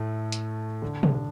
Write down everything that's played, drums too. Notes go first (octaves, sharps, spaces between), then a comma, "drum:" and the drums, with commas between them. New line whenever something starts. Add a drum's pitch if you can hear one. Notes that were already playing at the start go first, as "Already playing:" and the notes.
Already playing: A2 A3
drum: hi-hat
D3 D4
drum: tom
D4